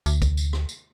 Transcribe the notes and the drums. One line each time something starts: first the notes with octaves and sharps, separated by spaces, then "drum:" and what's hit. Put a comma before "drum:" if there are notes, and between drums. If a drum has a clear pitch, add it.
D2, drum: tambourine
drum: kick, tambourine
drum: tambourine
drum: rim click
drum: tambourine